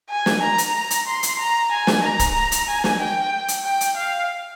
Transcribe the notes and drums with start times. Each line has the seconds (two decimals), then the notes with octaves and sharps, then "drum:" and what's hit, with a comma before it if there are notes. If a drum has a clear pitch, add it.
0.10 G#5
0.26 drum: snare
0.42 A#5
0.58 drum: hi-hat
0.90 drum: hi-hat
1.07 C6
1.23 drum: hi-hat
1.39 A#5
1.71 G#5
1.87 drum: snare
2.03 A#5
2.19 drum: kick, hi-hat
2.52 drum: hi-hat
2.68 G#5
2.84 drum: snare
3.00 G5
3.48 drum: hi-hat
3.64 G5
3.81 drum: hi-hat
3.96 F5